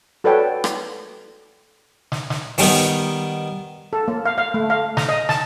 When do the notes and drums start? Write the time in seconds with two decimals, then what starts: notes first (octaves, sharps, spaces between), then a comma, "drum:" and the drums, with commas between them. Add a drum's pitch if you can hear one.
0.24 F#4 A4 B4 C#5 D5 G5
0.64 drum: rim click
2.12 drum: snare
2.30 drum: snare
2.58 D#3 G3 B3, drum: open hi-hat
3.93 A4
4.08 A#3
4.26 F5
4.38 F5
4.54 A3
4.70 F5
4.97 A#5, drum: snare
5.09 D#5
5.29 A5, drum: snare